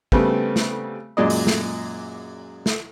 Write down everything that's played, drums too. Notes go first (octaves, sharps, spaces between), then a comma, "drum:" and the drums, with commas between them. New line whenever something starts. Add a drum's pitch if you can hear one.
C#3 G3 A3 B3 C4, drum: kick
drum: snare
F#2 A#2 G#3 D5 D#5
drum: open hi-hat
drum: snare
drum: snare